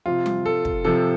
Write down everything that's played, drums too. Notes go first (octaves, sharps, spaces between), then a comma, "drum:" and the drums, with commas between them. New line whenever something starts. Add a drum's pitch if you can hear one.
C3 F3 F4
drum: tom G3
A4
drum: kick
C3 F3 A4